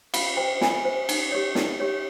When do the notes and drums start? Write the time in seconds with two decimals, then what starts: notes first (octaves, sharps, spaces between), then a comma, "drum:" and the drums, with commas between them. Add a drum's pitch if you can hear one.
0.14 F4 F5, drum: cymbal
0.37 C5 G5
0.61 F4 G#5, drum: snare
0.85 C5
1.09 D#4, drum: cymbal
1.32 G4 C#5
1.55 D#4, drum: snare
1.80 G4 C#5